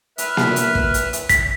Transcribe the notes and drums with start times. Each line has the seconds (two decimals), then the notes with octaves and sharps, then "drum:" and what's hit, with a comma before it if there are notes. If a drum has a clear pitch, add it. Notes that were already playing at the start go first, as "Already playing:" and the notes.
0.18 B4 E5 F6, drum: hi-hat
0.37 drum: snare A#3
0.56 drum: hi-hat
0.75 drum: kick
0.94 drum: hi-hat
1.13 drum: hi-hat
1.29 B6, drum: kick, hi-hat